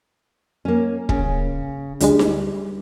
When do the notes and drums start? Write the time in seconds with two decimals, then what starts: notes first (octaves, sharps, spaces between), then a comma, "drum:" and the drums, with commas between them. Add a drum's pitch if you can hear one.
0.65 A#3 C#4
1.09 C#3, drum: kick
2.00 D2 D3 G3 G#3, drum: hi-hat
2.19 drum: snare D#4